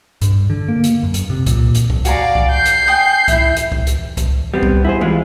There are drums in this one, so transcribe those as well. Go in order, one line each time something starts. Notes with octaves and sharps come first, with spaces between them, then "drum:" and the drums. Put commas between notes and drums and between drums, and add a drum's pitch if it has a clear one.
G2, drum: hi-hat
D3
A#3
drum: hi-hat
F#2
drum: hi-hat
C3
A#2, drum: kick C2, hi-hat
drum: hi-hat
drum: kick C2
F#4 D5 F5 G#5 A#5, drum: hi-hat
drum: kick C2
G6 C7
drum: hi-hat
G5 G#5 D#6
E4 E5, drum: kick C2, hi-hat
drum: hi-hat
drum: kick C2
drum: hi-hat
drum: kick C2, hi-hat
G3 B3 C4
drum: kick C2
E4 G#4 C5
C2 E3 G#3 E4 F4